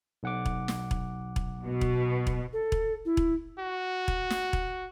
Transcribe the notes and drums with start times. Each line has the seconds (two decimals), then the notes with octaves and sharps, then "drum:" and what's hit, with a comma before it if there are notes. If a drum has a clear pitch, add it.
0.23 B1 F#5 D6
0.46 drum: kick E1
0.68 drum: snare
0.91 drum: kick E1
1.36 drum: kick E1
1.66 B2
1.81 drum: kick E1
2.27 drum: kick E1
2.53 A4
2.72 drum: kick E1
3.05 E4
3.17 drum: kick E1
3.59 F#4
4.08 drum: kick E1
4.30 drum: snare
4.53 drum: kick E1